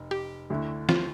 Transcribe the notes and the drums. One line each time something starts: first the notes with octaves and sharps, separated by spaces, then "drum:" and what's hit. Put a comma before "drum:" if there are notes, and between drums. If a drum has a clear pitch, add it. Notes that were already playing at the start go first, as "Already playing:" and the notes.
Already playing: F1
G4
D2 D3 A3 E4
F4, drum: snare